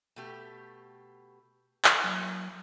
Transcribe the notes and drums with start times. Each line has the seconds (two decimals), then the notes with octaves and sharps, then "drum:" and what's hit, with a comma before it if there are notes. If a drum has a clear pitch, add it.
0.16 B2 A3 G4
1.85 drum: clap
2.04 F#3 A#3 E4